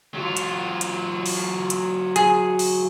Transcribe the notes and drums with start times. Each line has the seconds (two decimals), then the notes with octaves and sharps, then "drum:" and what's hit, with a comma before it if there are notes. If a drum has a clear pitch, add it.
0.14 F#3 F4
0.37 drum: hi-hat
0.81 drum: hi-hat
1.26 drum: open hi-hat
1.70 drum: hi-hat
2.16 G#4, drum: hi-hat
2.59 drum: open hi-hat